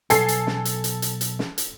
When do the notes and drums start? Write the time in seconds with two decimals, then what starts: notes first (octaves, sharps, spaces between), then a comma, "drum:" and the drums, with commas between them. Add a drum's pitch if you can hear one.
0.10 B1 A4 G#5 C7, drum: hi-hat
0.28 drum: hi-hat
0.47 drum: snare
0.65 drum: hi-hat
0.84 drum: hi-hat
1.02 drum: hi-hat
1.21 drum: hi-hat
1.39 drum: snare
1.58 drum: hi-hat